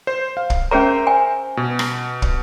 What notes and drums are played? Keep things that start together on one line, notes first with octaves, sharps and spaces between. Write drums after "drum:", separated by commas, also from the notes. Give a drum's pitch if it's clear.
C5
F5
drum: kick
C#4 G#4 A#4 C5 E5 A#5
G#5
B2
drum: rim click
drum: kick